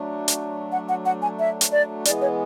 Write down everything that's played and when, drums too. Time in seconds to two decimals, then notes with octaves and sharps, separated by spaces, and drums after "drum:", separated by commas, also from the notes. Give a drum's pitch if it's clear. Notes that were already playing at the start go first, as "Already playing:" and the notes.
Already playing: F#3 A3 D4
0.28 drum: hi-hat
0.72 F#5
0.89 F#5
1.06 F#5
1.22 G#5
1.39 E5
1.61 drum: hi-hat
1.72 D5
2.05 E3 G#3 B3 D5, drum: hi-hat
2.21 C#5